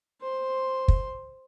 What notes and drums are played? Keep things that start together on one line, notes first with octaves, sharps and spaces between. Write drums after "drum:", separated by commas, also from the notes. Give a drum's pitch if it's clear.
C5 C6
drum: kick